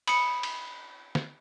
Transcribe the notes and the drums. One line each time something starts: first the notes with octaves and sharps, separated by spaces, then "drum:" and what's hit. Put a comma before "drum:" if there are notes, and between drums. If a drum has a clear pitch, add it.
B5 D#6 C#7, drum: cymbal
drum: cymbal
drum: snare